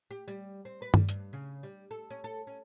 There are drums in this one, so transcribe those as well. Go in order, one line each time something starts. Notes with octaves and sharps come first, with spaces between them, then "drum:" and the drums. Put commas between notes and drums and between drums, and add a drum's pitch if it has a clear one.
G4
G3
C4
B4
G3, drum: tom G2
G2, drum: hi-hat
C#3
G3
A4
C#4
A4
C#4